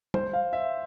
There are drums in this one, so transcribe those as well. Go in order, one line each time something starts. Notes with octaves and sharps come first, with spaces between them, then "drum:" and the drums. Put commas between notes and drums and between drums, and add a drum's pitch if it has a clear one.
C5, drum: tom
F5
E5